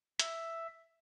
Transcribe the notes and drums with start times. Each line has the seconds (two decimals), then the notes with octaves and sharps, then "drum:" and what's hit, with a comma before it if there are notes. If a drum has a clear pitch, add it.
0.19 E5, drum: hi-hat